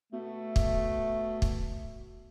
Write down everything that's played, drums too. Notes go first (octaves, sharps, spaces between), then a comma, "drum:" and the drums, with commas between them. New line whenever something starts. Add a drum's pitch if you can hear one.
B2 A3
drum: kick
drum: kick